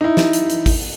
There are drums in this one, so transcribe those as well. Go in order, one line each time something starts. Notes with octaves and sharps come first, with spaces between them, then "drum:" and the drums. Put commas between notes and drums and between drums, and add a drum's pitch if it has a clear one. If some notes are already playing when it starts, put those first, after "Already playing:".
D#4 E4
drum: snare
drum: hi-hat
drum: hi-hat
drum: kick G#1, open hi-hat